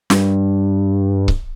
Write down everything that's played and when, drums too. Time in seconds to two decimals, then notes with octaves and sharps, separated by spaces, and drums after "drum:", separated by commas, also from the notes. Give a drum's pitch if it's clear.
0.10 G2, drum: snare
1.28 drum: kick C#1